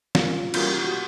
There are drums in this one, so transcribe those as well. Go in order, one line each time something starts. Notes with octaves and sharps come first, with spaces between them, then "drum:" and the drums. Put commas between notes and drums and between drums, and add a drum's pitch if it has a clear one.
G3 A#3 C#4 F4, drum: snare
E3 G3 A#3 C#4 F4 F#4, drum: cymbal
G4
G4
F#4